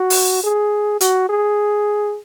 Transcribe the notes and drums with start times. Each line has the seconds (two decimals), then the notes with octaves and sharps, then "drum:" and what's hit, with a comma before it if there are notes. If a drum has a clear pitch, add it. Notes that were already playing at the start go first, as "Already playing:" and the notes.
Already playing: F#4
0.10 drum: open hi-hat
0.44 G#4
1.01 F#4, drum: hi-hat
1.29 G#4